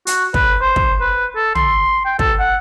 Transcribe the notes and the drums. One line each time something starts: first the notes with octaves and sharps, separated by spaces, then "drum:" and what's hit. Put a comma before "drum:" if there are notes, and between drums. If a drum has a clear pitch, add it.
F#4, drum: hi-hat
B4, drum: kick
C5
drum: kick
B4
A4
C6, drum: tom
G5
A4, drum: kick
F#5